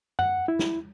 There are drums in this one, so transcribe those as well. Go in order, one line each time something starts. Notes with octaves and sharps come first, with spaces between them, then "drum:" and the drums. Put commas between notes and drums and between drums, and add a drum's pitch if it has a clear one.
F#5, drum: tom F#2
E4
drum: snare